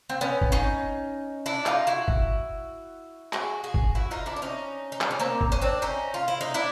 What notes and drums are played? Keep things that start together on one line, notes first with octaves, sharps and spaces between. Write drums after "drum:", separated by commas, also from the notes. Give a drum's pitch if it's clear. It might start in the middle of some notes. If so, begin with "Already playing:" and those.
C4
B3 C#4
drum: kick
C#4 D#4
D4 E4
D#4 F4, drum: clap
E4 F#4
drum: kick
F#4 G#4, drum: clap
F#4 G#4
drum: kick
E4 F#4
D#4 F4
D4 E4
D4
C#4 D#4
D#4
D4, drum: clap
C#4
A#3 C4
drum: kick
C#4
C4 D4
C#4 D#4
F4
E4
D#4
D4 E4